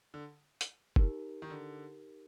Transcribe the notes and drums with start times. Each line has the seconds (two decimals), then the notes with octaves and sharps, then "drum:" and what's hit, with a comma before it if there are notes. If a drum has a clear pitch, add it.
0.14 D3
0.61 drum: hi-hat
0.96 D#4 G4 A#4, drum: kick
1.42 D#3
1.50 D3